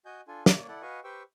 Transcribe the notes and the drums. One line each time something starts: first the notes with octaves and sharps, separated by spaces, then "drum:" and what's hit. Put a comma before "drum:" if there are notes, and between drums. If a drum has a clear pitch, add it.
F#4 D#5 G#5 G6
D4 F4 A4 G#5
A#3 C#5 D5, drum: snare
E4 A4 D5 F#5
F#4 B4 D#5 F5 G#5 C#6
G4 B4 C5 G5 C#6 E6